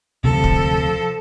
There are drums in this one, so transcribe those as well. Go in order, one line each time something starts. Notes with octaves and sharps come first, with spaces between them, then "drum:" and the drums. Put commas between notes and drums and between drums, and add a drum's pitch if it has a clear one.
D2 C3 F3 A4
drum: kick